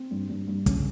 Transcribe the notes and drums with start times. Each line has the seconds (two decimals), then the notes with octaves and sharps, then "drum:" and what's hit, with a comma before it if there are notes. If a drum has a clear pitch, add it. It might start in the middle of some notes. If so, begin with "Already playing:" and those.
Already playing: C4
0.11 G2
0.30 G2
0.48 G2
0.66 C#3, drum: kick, hi-hat